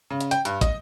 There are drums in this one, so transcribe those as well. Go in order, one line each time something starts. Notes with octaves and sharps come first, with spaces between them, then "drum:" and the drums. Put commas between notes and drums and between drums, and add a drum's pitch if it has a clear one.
C#3
drum: hi-hat
G5, drum: hi-hat
G2, drum: hi-hat
D#5, drum: kick, hi-hat